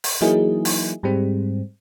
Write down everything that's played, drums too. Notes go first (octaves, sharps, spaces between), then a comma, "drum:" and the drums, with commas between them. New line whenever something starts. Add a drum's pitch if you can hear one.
drum: open hi-hat
E3 F#3 A#3 D#4 E4 G#4
drum: open hi-hat
G#2 G3 G#3 C4